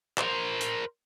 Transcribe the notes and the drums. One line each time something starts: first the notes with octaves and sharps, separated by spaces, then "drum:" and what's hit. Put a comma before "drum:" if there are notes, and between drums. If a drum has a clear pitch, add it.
A#4 C5, drum: clap
drum: hi-hat